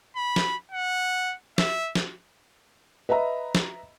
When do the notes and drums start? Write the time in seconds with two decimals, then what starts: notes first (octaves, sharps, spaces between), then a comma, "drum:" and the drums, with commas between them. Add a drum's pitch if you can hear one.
0.16 B5
0.36 drum: snare
0.72 F#5
1.58 E5, drum: snare
1.95 drum: snare
3.09 B4 D#5 E5 A#5 B5
3.55 drum: snare